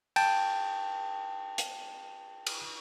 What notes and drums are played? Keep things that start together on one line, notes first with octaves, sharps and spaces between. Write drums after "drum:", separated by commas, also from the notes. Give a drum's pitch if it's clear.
G5 A5, drum: cymbal
drum: hi-hat
drum: cymbal